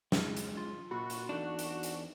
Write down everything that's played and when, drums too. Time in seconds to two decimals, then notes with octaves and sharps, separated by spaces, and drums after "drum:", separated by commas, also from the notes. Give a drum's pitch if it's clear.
0.12 G#3, drum: snare
0.37 drum: hi-hat
0.57 F4
0.91 A#2 F#4 B5
1.10 drum: hi-hat
1.29 E2 D4 D#4 A4
1.59 drum: hi-hat
1.83 drum: hi-hat